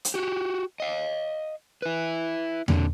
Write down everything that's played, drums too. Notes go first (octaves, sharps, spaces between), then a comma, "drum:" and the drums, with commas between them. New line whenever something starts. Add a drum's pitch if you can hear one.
drum: hi-hat
F#4 G4
D#5 F5
E4 B4
A#2 D3, drum: tom E2